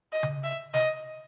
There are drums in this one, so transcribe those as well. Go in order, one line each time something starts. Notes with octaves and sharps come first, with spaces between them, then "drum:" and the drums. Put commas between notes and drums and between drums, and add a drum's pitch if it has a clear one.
D#5
drum: tom C#3
E5
D#5, drum: snare